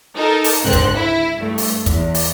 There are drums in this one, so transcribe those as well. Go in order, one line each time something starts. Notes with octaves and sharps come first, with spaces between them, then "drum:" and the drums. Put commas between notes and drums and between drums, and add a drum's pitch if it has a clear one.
D#4 A4 A#4
drum: open hi-hat
C#2 G#2 D3 C4 F#6
drum: kick, hi-hat
E4
G2 A3
drum: open hi-hat
E2, drum: kick, hi-hat
drum: open hi-hat